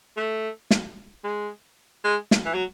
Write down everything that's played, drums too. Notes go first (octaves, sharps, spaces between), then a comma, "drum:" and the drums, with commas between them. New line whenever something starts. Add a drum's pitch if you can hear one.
A3
drum: snare
G#3
G#3
drum: snare
E3
F#3